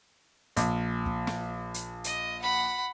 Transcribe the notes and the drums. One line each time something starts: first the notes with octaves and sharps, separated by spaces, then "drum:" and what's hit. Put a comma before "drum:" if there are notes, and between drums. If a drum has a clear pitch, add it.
A#1, drum: hi-hat
drum: kick
drum: snare
drum: hi-hat
D#5, drum: hi-hat
F#5 B5